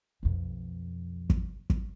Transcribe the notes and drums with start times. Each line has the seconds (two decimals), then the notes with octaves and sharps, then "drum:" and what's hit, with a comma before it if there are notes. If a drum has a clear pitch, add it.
0.23 B1 F2
1.30 drum: kick
1.70 drum: kick